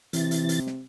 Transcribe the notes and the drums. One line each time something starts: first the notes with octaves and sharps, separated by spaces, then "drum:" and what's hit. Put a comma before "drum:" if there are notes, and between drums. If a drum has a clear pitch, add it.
C3 E3 A6, drum: hi-hat
drum: hi-hat
drum: hi-hat
drum: snare